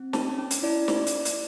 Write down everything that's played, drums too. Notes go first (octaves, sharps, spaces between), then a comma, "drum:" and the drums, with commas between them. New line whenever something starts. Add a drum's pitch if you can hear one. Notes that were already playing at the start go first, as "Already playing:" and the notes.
Already playing: C4
C#4 A5, drum: snare
C#4
drum: hi-hat
E4 D5
drum: snare
drum: hi-hat
drum: hi-hat